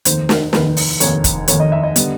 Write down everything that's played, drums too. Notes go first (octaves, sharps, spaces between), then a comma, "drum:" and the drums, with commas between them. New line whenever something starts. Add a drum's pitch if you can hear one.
F1 D#2 D#3 C5, drum: hi-hat
drum: snare
F1 D#2 D#3 B4, drum: snare
drum: open hi-hat
F1 D#2 D#3 C#5, drum: hi-hat
drum: kick, hi-hat
F1 D#2 D#3 C#5, drum: hi-hat
D#5
E5
D#5
D3 G3 B3, drum: hi-hat